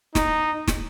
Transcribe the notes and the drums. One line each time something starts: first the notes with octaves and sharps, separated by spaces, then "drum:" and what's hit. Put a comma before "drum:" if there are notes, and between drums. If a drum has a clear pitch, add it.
D#4, drum: snare
drum: snare